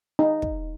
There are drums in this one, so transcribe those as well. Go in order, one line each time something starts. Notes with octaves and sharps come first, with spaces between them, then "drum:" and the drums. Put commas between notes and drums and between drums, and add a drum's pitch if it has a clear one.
D#4
drum: kick